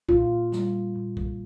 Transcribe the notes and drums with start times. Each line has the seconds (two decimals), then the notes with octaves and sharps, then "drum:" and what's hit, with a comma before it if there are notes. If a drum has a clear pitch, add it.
0.09 A#2 F4, drum: kick B1
0.52 G3, drum: snare
0.95 A#2
1.17 drum: kick B1